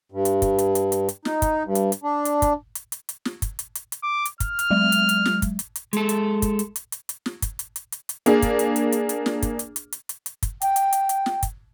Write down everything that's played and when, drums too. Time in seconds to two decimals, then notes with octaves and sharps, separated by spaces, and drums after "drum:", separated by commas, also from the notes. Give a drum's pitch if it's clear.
0.12 G2
0.25 drum: hi-hat
0.42 drum: kick, hi-hat
0.59 drum: hi-hat
0.75 drum: hi-hat
0.92 drum: hi-hat
1.09 drum: hi-hat
1.25 D#4, drum: snare
1.42 drum: kick, hi-hat
1.65 G2
1.75 drum: hi-hat
1.92 drum: hi-hat
2.04 D4
2.25 drum: hi-hat
2.42 drum: kick, hi-hat
2.75 drum: hi-hat
2.92 drum: hi-hat
3.09 drum: hi-hat
3.25 drum: snare
3.42 drum: kick, hi-hat
3.59 drum: hi-hat
3.75 drum: hi-hat
3.92 drum: hi-hat
4.03 D6
4.25 drum: hi-hat
4.40 F6, drum: kick, hi-hat
4.59 drum: hi-hat
4.71 F#3 G#3
4.92 drum: hi-hat
5.09 drum: hi-hat
5.26 drum: snare
5.42 drum: kick, hi-hat
5.59 drum: hi-hat
5.76 drum: hi-hat
5.93 G#3 A4, drum: hi-hat
6.09 drum: hi-hat
6.42 drum: kick, hi-hat
6.59 drum: hi-hat
6.76 drum: hi-hat
6.92 drum: hi-hat
7.09 drum: hi-hat
7.26 drum: snare
7.42 drum: kick, hi-hat
7.59 drum: hi-hat
7.76 drum: hi-hat
7.92 drum: hi-hat
8.09 drum: hi-hat
8.26 A#3 D4 G#4, drum: hi-hat
8.42 drum: kick, hi-hat
8.59 drum: hi-hat
8.76 drum: hi-hat
8.92 drum: hi-hat
9.09 drum: hi-hat
9.26 drum: snare
9.42 drum: kick, hi-hat
9.59 drum: hi-hat
9.76 drum: hi-hat
9.92 drum: hi-hat
10.09 drum: hi-hat
10.26 drum: hi-hat
10.43 drum: kick, hi-hat
10.62 G5, drum: hi-hat
10.76 drum: hi-hat
10.93 drum: hi-hat
11.09 drum: hi-hat
11.26 drum: snare
11.43 drum: kick, hi-hat